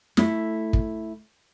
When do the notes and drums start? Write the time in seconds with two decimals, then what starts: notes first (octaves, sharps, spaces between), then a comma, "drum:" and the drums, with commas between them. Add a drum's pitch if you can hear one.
0.17 A3 E4, drum: snare
0.73 drum: kick